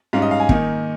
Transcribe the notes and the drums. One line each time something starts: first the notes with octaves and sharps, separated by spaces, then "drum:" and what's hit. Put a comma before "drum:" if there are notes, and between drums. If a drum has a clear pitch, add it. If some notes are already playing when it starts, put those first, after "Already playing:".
G#2 G3 C#4 F5
D#5
F5
G#5
D#3 A#3 D#4, drum: kick